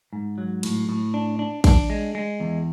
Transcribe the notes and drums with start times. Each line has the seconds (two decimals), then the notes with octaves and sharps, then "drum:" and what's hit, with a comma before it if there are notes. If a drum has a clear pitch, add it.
0.13 G#2
0.38 F#3
0.63 A2, drum: cymbal
0.89 A2
1.14 D4
1.39 D4
1.64 D4, drum: kick, cymbal
1.90 G#3
2.15 G#3
2.40 E2